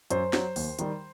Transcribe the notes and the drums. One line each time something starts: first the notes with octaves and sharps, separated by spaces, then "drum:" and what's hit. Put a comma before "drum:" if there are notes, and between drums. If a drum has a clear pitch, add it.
F#2 C5, drum: hi-hat
F#3, drum: snare
D#2, drum: open hi-hat
D#3 G3, drum: hi-hat